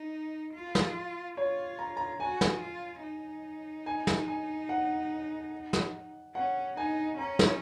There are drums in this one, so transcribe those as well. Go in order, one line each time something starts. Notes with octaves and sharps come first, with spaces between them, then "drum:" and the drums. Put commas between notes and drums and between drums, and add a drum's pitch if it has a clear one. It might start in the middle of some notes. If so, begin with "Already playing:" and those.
Already playing: D#4
F4
drum: snare
F4 C#5
A#5
A#5
F#4 G#5
drum: snare
F4
D#4
G#5
drum: snare
G#5
F#5
drum: snare
C#4 F#5
D#4 G#5
C#4 A#5
drum: snare